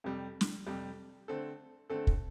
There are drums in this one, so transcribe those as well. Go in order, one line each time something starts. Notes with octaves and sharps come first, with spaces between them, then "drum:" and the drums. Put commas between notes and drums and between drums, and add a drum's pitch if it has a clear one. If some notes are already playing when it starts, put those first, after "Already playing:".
F2 C3 G3
drum: snare
F2 C3 G3
D3 A3 C4 A4
D3 A3 C4 A4
drum: kick